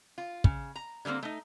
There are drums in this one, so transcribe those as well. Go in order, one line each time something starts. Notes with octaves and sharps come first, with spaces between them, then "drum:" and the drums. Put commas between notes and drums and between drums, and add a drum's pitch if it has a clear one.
F4
C#3, drum: kick
A#5
D3 G3 A3 A#3 C4
A3 D#4